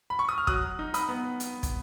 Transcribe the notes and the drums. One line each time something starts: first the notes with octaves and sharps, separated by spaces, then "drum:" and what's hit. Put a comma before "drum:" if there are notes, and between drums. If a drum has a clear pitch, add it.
B5
C#6
D#6
F6
F#3 D#6 F#6, drum: kick
D#4
B5 D#6, drum: hi-hat
B3
drum: hi-hat
drum: kick, hi-hat